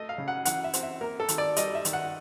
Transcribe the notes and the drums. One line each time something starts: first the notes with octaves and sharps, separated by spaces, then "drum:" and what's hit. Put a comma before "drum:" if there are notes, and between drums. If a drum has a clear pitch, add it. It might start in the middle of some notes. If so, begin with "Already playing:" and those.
Already playing: A3 D#5
F5
C#3
F#5
E3 F#5, drum: hi-hat
E5
C4, drum: hi-hat
E5
A#3 A#4
A4
D#3, drum: hi-hat
D5
G3 D#5, drum: hi-hat
E5
D#3, drum: hi-hat
F#5